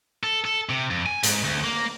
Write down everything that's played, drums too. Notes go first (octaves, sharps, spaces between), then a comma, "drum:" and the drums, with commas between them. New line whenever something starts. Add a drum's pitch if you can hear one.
A4
A4
C3
F2
G#5
G#2, drum: hi-hat
D2
A#3